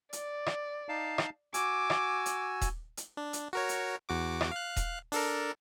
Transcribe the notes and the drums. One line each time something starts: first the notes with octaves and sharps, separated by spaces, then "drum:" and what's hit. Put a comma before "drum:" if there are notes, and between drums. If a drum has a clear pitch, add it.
D5, drum: hi-hat
drum: rim click
D#4 F5 A5
drum: rim click
F#4 G#5 D6 E6, drum: hi-hat
drum: rim click
drum: hi-hat
drum: kick D#1, hi-hat
drum: hi-hat
D4
drum: hi-hat
F#4 A#4 C#5
drum: hi-hat
E2 F#4 D6
drum: rim click
F5 F#6
drum: kick D#1, hi-hat
D4 A4 A#4, drum: open hi-hat